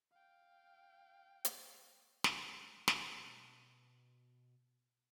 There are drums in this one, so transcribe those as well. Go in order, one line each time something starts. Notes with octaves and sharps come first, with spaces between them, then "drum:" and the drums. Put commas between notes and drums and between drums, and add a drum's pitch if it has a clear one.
F5 G5
drum: hi-hat
drum: snare
drum: snare
B2 A5